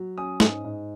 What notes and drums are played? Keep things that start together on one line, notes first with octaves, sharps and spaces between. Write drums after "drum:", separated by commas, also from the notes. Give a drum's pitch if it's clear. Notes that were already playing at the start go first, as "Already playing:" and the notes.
Already playing: F#3
C#4 D#6
G#2, drum: snare
G#2